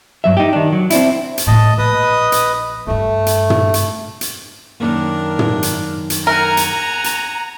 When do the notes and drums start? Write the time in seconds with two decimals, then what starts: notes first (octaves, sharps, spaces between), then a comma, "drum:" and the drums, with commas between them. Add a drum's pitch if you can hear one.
0.24 G2 F#3 E5
0.37 D#4 G4
0.53 D#3 D4
0.73 F#3
0.90 C4 D4 E4, drum: hi-hat
1.38 drum: hi-hat
1.47 A2 D#4 D#5 A5
1.78 A#1 B4 D#5 D#6
2.32 drum: hi-hat
2.87 G2 G3 A3
3.26 drum: hi-hat
3.50 drum: tom
3.74 drum: hi-hat
4.21 drum: hi-hat
4.80 F#2 D#3 A#3 D4 A#4
5.39 drum: tom
5.63 drum: hi-hat
6.10 drum: hi-hat
6.27 A#4 F#5 G#5 A#5
6.57 drum: hi-hat
7.04 drum: hi-hat